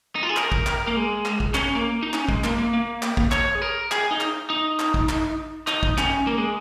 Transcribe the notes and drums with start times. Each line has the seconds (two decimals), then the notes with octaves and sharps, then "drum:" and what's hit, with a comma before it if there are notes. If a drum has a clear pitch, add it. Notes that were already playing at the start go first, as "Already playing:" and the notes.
0.15 D#4
0.23 F4
0.29 G#4
0.37 A#4, drum: clap
0.52 drum: kick
0.66 drum: clap
0.87 A#3
0.96 G#3
1.25 drum: clap
1.40 drum: kick
1.55 C#4, drum: clap
1.75 A#3
2.03 D#4
2.14 C#4, drum: clap
2.29 G#3, drum: kick
2.44 A#3, drum: clap
2.58 A#3
2.74 A#3
3.02 drum: clap
3.17 drum: kick
3.32 C#5, drum: clap
3.55 G#4
3.62 A#4
3.91 G#4, drum: clap
4.11 D#4
4.20 drum: clap
4.50 D#4
4.79 drum: clap
4.94 drum: kick
5.09 drum: clap
5.67 D#4, drum: clap
5.83 drum: kick
5.98 C#4, drum: clap
6.27 A#3
6.38 G#3